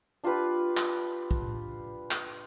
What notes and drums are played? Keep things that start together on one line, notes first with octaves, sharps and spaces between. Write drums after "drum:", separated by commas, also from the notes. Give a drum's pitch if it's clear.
D4 F4 G4 B4
drum: clap
drum: kick
drum: clap